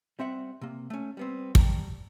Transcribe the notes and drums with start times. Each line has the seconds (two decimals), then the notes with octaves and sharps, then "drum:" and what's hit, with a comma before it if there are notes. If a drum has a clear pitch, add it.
0.19 G3 C4 E5 F#5
0.61 C3 A#3
0.90 A3 C#4
1.17 G3 B3 C4
1.55 G3 G5 A5 A#5, drum: kick